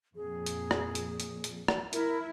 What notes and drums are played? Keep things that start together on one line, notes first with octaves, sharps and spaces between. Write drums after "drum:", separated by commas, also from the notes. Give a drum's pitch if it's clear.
F2 A#2 G#4
drum: hi-hat
drum: rim click
drum: hi-hat
drum: hi-hat
drum: hi-hat
drum: rim click
E4 A#4, drum: hi-hat